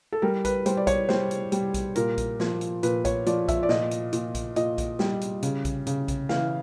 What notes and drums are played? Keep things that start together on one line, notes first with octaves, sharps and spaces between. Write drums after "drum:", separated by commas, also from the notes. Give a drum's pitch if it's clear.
A4
G3 A#4
B4, drum: kick A#1, hi-hat
G3 C5, drum: hi-hat
D5
C#5, drum: kick A#1, hi-hat
G3 C5, drum: snare
drum: hi-hat
G3, drum: hi-hat
drum: kick A#1, hi-hat
A#2 A#4, drum: hi-hat
drum: kick A#1, hi-hat
F3, drum: snare
drum: hi-hat
A#2 B4, drum: hi-hat
C#5, drum: kick A#1, hi-hat
F3 D5, drum: hi-hat
E5, drum: kick A#1, hi-hat
D5
A#2 D#5, drum: snare
drum: hi-hat
A#2, drum: hi-hat
drum: kick A#1, hi-hat
A#2 D#5, drum: hi-hat
drum: kick A#1, hi-hat
G3, drum: snare
drum: hi-hat
C#3, drum: hi-hat
drum: kick A#1, hi-hat
C#3, drum: hi-hat
drum: kick A#1, hi-hat
E3 F5, drum: snare